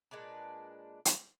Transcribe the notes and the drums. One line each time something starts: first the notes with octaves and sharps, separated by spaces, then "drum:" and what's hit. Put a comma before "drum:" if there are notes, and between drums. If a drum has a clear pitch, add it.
A#2 G#3 D4 B4
drum: hi-hat